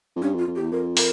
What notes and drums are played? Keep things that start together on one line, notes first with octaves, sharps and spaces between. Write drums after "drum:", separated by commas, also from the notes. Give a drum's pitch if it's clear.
F2
G2 C#4
F2
F4
F2
G4
E2
F2 A#4
A#4, drum: open hi-hat